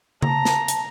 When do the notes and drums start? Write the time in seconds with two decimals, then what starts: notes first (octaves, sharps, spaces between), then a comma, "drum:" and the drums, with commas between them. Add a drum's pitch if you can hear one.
0.22 A5 A#5, drum: tom C#3
0.45 drum: snare
0.68 drum: hi-hat